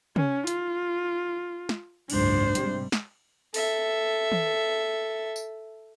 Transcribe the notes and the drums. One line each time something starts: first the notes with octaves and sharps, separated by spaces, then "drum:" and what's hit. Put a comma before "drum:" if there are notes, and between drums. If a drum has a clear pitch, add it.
C#4, drum: tom
F4, drum: hi-hat
drum: snare
F#1 C#2 G#2 D4 C5, drum: cymbal
G#2 C3 G3, drum: hi-hat
drum: snare
A4 E5, drum: open hi-hat
drum: tom D#3
drum: tambourine